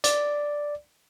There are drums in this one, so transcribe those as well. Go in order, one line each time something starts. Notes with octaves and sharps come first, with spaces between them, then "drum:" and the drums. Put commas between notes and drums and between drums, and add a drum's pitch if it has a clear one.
D5, drum: hi-hat